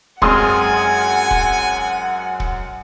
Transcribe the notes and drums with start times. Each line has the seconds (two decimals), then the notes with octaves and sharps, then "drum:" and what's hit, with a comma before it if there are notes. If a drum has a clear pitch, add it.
0.22 F#2 G#3 C4 F#5 G#5 C6 D#6 F6, drum: kick
1.31 drum: kick
2.40 drum: kick